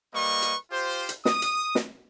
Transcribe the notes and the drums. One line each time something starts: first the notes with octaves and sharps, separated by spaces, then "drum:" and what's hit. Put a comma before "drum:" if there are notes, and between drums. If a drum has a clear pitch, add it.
G3 A#3 B4 D#5 C#6
drum: hi-hat
F4 G4 C5
drum: hi-hat
D#6, drum: snare
drum: hi-hat
drum: snare